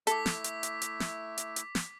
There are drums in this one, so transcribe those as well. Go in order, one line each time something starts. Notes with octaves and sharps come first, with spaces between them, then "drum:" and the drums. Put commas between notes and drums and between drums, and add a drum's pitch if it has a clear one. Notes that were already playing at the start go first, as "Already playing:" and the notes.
A3 E4 A4 D6 B6, drum: hi-hat
drum: snare
drum: hi-hat
drum: hi-hat
drum: hi-hat
drum: snare
drum: hi-hat
drum: hi-hat
drum: snare